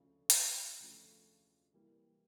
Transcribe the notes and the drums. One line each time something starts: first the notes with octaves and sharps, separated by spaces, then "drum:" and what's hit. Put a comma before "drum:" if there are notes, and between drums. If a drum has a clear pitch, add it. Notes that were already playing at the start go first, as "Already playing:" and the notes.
Already playing: D2 C#3 F3 A3
drum: hi-hat
D2 C#3 F3 A3
E3 G3 A#3